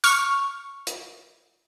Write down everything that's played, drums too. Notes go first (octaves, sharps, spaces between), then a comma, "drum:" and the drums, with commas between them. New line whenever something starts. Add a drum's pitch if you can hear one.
C#6 F6, drum: tambourine
drum: hi-hat